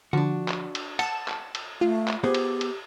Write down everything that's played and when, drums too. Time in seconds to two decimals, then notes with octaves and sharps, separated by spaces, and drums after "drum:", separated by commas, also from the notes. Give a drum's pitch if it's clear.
0.13 D3 F3 D4 F#4
0.48 drum: clap
0.75 drum: cymbal
0.99 F#5 A5 E7, drum: cymbal
1.28 drum: clap
1.55 drum: cymbal
1.81 A3 F4
2.08 drum: clap
2.24 B3 G4 G#4 C5
2.34 drum: cymbal
2.61 drum: cymbal